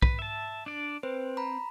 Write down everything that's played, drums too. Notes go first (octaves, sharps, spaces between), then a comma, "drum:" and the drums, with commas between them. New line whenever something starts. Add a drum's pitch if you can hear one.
B4, drum: kick B1
E5 A5
D4 D5
C4 B4 C5
A#5 B5